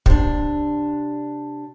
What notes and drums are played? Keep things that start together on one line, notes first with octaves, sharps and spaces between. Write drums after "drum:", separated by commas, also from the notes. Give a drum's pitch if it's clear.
C3 D4, drum: kick